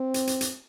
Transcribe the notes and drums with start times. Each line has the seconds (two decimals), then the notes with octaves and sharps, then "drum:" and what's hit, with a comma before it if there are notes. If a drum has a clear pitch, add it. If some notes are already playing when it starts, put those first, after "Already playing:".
Already playing: C4
0.14 drum: hi-hat
0.27 drum: hi-hat
0.41 drum: hi-hat